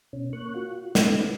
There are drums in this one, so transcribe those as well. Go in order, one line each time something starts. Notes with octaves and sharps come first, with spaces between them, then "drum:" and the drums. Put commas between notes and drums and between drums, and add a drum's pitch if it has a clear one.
B2 C#4
A#3 C#6 F#6
F4 F#4
G3 A3 B3 C#4 D#4, drum: snare